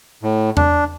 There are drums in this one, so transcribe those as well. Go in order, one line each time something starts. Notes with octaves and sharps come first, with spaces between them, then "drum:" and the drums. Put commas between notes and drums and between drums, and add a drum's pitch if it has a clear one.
A2
D4, drum: tom E2